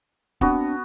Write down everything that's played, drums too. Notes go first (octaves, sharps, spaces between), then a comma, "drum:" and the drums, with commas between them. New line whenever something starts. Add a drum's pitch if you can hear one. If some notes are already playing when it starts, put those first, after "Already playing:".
B3 C4 D4 F#4, drum: kick